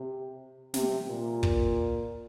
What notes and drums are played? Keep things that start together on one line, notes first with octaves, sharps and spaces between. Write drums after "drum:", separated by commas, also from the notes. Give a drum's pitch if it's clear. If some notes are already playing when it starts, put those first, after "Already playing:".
Already playing: C3
C3, drum: snare
A#2
drum: kick